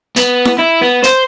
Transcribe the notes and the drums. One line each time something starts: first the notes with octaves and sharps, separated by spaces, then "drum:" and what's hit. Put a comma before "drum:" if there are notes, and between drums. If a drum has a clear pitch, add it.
B3, drum: hi-hat
drum: snare E4
E4
B3
C5, drum: hi-hat